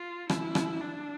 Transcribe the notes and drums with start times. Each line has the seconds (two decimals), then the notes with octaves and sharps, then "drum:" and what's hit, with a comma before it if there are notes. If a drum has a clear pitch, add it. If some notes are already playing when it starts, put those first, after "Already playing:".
Already playing: F4
0.29 E4, drum: rim click
0.55 drum: rim click
0.80 D4